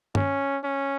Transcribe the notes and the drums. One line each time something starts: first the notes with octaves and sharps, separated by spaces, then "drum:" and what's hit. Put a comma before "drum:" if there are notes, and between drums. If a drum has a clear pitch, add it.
C#4, drum: tom G2
C#4